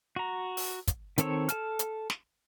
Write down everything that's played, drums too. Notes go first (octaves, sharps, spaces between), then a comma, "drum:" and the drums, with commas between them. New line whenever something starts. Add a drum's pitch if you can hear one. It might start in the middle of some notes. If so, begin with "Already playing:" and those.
F#4 A#5
drum: open hi-hat
drum: kick, hi-hat
D#3 C4 A4 C#5 E6, drum: hi-hat
A4 A5 F6, drum: hi-hat
drum: hi-hat
drum: snare